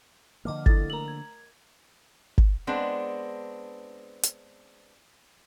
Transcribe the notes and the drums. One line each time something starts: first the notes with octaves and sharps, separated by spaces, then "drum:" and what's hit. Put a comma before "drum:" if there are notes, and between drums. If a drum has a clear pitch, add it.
D3 F3 A#3 D#5 D6 F6
E4 A4 A6, drum: kick G1
A3 A#4 A#5 F#7
G#6
drum: kick G1
G#3 B3 C4 D4
drum: hi-hat